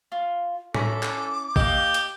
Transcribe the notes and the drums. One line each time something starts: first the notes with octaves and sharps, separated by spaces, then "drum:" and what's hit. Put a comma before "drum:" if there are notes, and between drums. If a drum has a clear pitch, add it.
F4
C#4 E4 A4 A#5 D6, drum: tom A2
drum: clap
A#3 G4 D#5 G6, drum: kick
drum: hi-hat